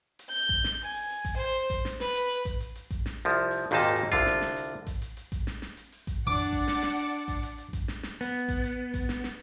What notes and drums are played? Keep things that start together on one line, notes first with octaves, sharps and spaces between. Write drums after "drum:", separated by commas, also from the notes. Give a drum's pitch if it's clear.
drum: hi-hat
G6
drum: kick A1
drum: snare
G#5
drum: hi-hat
drum: open hi-hat
drum: kick A1, hi-hat
C5
drum: kick A1, hi-hat
drum: snare
B4, drum: snare
drum: hi-hat
drum: open hi-hat
drum: kick A1, hi-hat
drum: hi-hat
drum: hi-hat
drum: kick A1, hi-hat
drum: snare
C2 F3
drum: open hi-hat
G#1 D#2 A#2 A#3 D#4 A5
drum: hi-hat
drum: hi-hat
C2 D3 F4, drum: kick A1, hi-hat
drum: snare
drum: snare
drum: hi-hat
drum: kick A1, hi-hat
drum: hi-hat
drum: hi-hat
drum: kick A1, hi-hat
drum: snare
drum: snare
drum: hi-hat
drum: open hi-hat
drum: kick A1, hi-hat
D4 D5 F#5 D6
drum: hi-hat
drum: kick A1, hi-hat
drum: snare
drum: snare
drum: hi-hat
drum: open hi-hat
drum: kick A1, hi-hat
drum: hi-hat
drum: hi-hat
drum: kick A1, hi-hat
drum: snare
drum: snare
B3, drum: hi-hat
drum: open hi-hat
drum: kick A1, hi-hat
drum: hi-hat
drum: kick A1, hi-hat
drum: snare
drum: snare